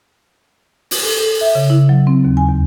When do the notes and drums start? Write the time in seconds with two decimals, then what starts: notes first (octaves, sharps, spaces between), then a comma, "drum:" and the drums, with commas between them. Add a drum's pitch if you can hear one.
0.91 drum: open hi-hat
1.03 A4
1.20 A4
1.41 E5
1.55 C#3
1.70 E4
1.89 F#3
2.07 C4
2.25 D#2
2.37 G#5
2.49 E2